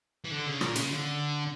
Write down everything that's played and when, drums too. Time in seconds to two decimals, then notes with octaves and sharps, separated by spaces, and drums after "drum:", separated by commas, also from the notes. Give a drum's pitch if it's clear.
0.25 E3
0.31 D3
0.47 C#3
0.61 A#2, drum: rim click
0.76 C#3, drum: hi-hat
0.90 D3